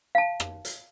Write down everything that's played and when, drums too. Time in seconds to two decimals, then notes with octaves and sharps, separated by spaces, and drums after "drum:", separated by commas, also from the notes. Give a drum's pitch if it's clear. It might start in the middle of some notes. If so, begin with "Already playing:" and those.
0.15 F5 A5
0.40 drum: rim click
0.65 drum: hi-hat